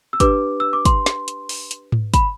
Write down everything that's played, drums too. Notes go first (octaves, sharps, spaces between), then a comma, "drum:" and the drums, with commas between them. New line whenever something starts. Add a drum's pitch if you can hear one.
E6
D4 G4 B4 D6, drum: kick, hi-hat
E6
D6
C6, drum: kick, hi-hat
drum: snare
drum: hi-hat
drum: open hi-hat
drum: hi-hat
drum: tom G#2
B5, drum: kick, hi-hat